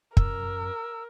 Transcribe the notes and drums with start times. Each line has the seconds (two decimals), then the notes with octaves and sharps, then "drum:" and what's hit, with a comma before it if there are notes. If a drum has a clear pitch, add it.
0.17 F#2 A#4 E6, drum: kick